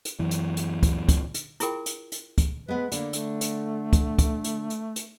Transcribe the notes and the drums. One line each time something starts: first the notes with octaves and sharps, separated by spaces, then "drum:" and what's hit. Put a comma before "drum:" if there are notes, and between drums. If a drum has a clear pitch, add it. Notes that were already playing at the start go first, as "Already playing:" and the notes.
drum: hi-hat
F#2 E3
drum: hi-hat
drum: hi-hat
drum: kick, hi-hat
drum: kick, hi-hat
drum: hi-hat
E4 F4 G#4 A#4 G5, drum: hi-hat
drum: hi-hat
drum: hi-hat
drum: kick, hi-hat
G#3 B3 B4
D3 A#3, drum: hi-hat
A3, drum: hi-hat
drum: hi-hat
drum: kick, hi-hat
drum: kick, hi-hat
drum: hi-hat
drum: hi-hat
drum: hi-hat